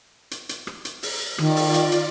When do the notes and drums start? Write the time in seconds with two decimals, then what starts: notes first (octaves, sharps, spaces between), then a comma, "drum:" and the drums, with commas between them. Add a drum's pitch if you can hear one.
0.31 drum: hi-hat
0.49 drum: hi-hat
0.67 drum: rim click
0.85 drum: hi-hat
1.03 drum: open hi-hat
1.38 D#3 F4 D5, drum: rim click
1.56 drum: open hi-hat
1.74 drum: hi-hat
1.92 drum: hi-hat